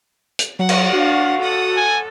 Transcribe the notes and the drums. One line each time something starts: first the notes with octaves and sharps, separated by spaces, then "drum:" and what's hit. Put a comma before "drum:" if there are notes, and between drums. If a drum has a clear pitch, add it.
drum: hi-hat
F#3 F#5
drum: cymbal
D4 F#4 F5
A4 F#5 D#6
G#5